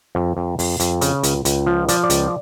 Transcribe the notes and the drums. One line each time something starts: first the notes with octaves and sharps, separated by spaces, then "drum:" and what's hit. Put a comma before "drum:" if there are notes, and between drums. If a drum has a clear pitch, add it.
F2
F2
F2, drum: open hi-hat
F2, drum: hi-hat
C#3, drum: hi-hat
C#2, drum: hi-hat
C#2, drum: hi-hat
F3
F3 D5, drum: hi-hat
D5
C#2, drum: hi-hat